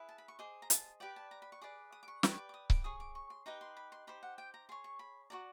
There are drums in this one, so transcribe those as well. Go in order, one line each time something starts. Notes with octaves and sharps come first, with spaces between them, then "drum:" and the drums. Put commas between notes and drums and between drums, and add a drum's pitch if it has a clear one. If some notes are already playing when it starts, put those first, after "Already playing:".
Already playing: E4 G#4 B4
A5
B5
C#6
G#4 C5 D#5 D6
A#5
A5, drum: hi-hat
G4 B4 D5 G5
A5
A#5
B5
C#6
G#4 B4 D5 D6
D#6
D6
C#6
G4 B4 D5 D6, drum: snare
C#6
D6
D6
D#6
D6, drum: kick C#1
G#4 C#5 D#6
D6
C#6
C6
D#4 G4 B4 D#5 A#5
C6
B5
C6
D#4 G4 C5 B5
F#5
G5
A#5
G#4 C#5 C6
C#6
B5
F#4 A4 D5 A#5